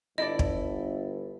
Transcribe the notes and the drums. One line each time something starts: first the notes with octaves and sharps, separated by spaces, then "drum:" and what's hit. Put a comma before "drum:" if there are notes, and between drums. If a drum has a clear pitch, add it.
G1 E4 A4 D5 D#5
drum: kick